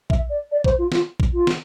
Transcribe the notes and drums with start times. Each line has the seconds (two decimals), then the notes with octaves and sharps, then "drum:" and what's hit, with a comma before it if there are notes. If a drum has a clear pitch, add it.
0.10 E5, drum: kick
0.29 D5
0.51 D5
0.64 C5, drum: kick
0.78 F4
0.92 F4, drum: snare
1.20 drum: kick
1.33 F4
1.47 drum: snare